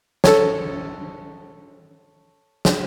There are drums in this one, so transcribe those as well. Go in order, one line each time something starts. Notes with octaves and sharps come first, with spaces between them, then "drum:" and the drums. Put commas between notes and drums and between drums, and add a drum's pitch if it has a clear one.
A4 C#5, drum: snare
drum: snare